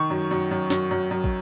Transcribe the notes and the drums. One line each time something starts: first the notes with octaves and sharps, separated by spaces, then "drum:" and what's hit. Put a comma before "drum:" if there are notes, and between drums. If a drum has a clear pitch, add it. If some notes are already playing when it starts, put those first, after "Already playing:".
Already playing: D#3 C#6
F#2
F#2
F#2
F#2, drum: snare
F#2
F#2
drum: kick